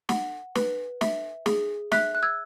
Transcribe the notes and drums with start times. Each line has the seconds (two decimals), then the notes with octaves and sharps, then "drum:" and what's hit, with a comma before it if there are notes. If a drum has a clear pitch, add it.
0.09 F#5, drum: snare
0.55 B4, drum: snare
1.01 E5, drum: snare
1.46 G#4, drum: snare
1.92 E5 F#6 B6, drum: snare
2.15 F#6
2.23 E6 G#6